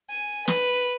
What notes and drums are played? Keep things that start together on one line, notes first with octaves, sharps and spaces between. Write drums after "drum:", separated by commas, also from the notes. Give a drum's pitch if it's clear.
G#5
B4, drum: snare